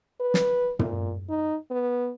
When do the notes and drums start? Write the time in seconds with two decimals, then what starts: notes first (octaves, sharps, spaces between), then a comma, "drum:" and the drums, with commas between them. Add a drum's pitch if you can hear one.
0.20 B4
0.34 drum: snare
0.79 A#2, drum: tom
1.30 D#4
1.71 B3